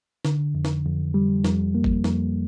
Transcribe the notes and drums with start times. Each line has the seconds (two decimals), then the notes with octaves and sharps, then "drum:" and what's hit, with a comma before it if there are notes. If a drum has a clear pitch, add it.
0.25 D3, drum: snare
0.55 F2
0.65 drum: snare
0.85 F2
1.14 G3
1.45 F2, drum: snare
1.75 A#3
1.84 drum: kick G1
2.04 F2, drum: snare